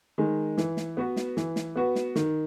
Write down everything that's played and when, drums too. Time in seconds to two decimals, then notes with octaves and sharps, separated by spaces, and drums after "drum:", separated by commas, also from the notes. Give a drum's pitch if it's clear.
0.18 D#3 G#3
0.58 E3, drum: snare
0.77 drum: snare
0.97 B3 F#4 B4
1.16 drum: snare
1.37 E3, drum: snare
1.56 drum: snare
1.76 B3 F#4 B4
1.95 drum: snare
2.16 D#3, drum: snare